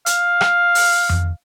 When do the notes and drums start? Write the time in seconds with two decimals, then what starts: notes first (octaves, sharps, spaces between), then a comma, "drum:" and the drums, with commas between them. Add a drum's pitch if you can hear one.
0.06 F5, drum: hi-hat
0.41 drum: rim click
0.75 drum: open hi-hat
1.09 drum: tom F2